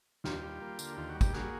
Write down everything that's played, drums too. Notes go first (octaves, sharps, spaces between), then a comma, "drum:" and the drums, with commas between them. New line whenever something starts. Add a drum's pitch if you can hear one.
D#2 F4 G4, drum: snare
G3
A#3
D3, drum: tambourine
D#2 F4
F#4
G3
G4, drum: kick, tambourine
A#3 F#4 G#4, drum: snare